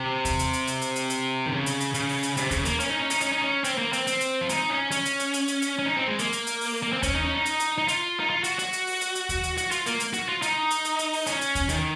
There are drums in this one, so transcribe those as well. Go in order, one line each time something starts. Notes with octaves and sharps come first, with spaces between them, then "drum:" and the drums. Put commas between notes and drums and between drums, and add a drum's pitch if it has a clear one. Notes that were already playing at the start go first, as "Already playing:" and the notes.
Already playing: C3
drum: kick D#2, hi-hat
drum: hi-hat
drum: hi-hat
drum: hi-hat
drum: hi-hat
drum: hi-hat
drum: hi-hat
D#3
C#3
drum: hi-hat
drum: hi-hat
C#3, drum: hi-hat
drum: open hi-hat
drum: hi-hat
C3, drum: hi-hat
C#3, drum: kick D#2, hi-hat
A#3, drum: hi-hat
C#4, drum: hi-hat
D#4
C#4
D#4, drum: hi-hat
C#4, drum: hi-hat
D#4
C#4
C4, drum: hi-hat
A#3
C4, drum: hi-hat
C4, drum: hi-hat
drum: hi-hat
F4
D#4, drum: hi-hat
C#4
C#4, drum: hi-hat
drum: hi-hat
drum: hi-hat
drum: hi-hat
drum: hi-hat
drum: hi-hat
C#4
D#4
C4
G#3
A#3, drum: hi-hat
drum: hi-hat
drum: hi-hat
drum: open hi-hat
A#3
C4
C#4, drum: kick D#2, hi-hat
D#4
C#4
D#4
drum: hi-hat
drum: hi-hat
D#4
F4, drum: hi-hat
D#4
F4
F#4, drum: hi-hat
F#4, drum: hi-hat
drum: hi-hat
drum: open hi-hat
drum: hi-hat
drum: hi-hat
drum: kick D#2, hi-hat
drum: hi-hat
F#4, drum: hi-hat
F4, drum: hi-hat
A#3, drum: hi-hat
drum: hi-hat
F#4, drum: hi-hat
F4
D#4, drum: hi-hat
drum: hi-hat
drum: hi-hat
drum: hi-hat
drum: open hi-hat
C#4, drum: hi-hat
drum: hi-hat
drum: kick D#2, hi-hat
D#3, drum: hi-hat